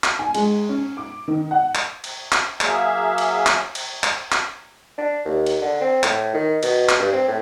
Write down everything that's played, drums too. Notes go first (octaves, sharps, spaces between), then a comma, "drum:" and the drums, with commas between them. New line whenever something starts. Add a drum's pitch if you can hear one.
drum: clap
G#5
G#3, drum: cymbal
C#4
D6
D#3
F#5
drum: clap
drum: cymbal
drum: clap
F#3 A#3 G#4 E5 F5, drum: clap
drum: cymbal
drum: clap
drum: cymbal
drum: clap
drum: clap
D4
D#2
drum: cymbal
D3
C4
A2, drum: clap
D#3
B2, drum: cymbal
drum: clap
G2
C4
A2